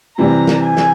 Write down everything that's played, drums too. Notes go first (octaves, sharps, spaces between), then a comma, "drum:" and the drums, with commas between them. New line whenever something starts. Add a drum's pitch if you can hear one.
C3 E3 G3 A#5
drum: snare
G#5
drum: snare